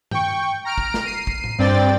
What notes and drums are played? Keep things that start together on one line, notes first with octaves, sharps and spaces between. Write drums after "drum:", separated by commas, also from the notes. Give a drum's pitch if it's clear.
G5 C#6, drum: tom G2
A#5 F6 D7
drum: kick
drum: snare
C7 D#7
drum: kick
drum: tom A2
G2 C4 D5 G5 A6